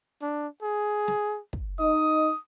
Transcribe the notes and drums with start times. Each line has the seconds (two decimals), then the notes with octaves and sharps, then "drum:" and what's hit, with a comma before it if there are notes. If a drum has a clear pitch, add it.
0.22 D4
0.62 G#4
1.08 drum: snare
1.53 drum: kick
1.79 D#4 D#5 D#6